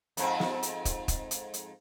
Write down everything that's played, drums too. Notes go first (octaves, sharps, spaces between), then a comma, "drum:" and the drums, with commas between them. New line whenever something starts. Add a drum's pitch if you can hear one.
F2 G#2 C4, drum: hi-hat
drum: snare
drum: hi-hat
drum: kick, hi-hat
drum: kick, hi-hat
drum: hi-hat
drum: hi-hat